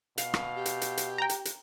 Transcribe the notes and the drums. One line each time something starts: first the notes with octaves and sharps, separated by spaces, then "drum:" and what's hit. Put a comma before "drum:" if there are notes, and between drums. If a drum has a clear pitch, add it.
B2 F5, drum: hi-hat
drum: rim click
G4
drum: hi-hat
drum: hi-hat
drum: hi-hat
G5 A#5
drum: hi-hat
drum: hi-hat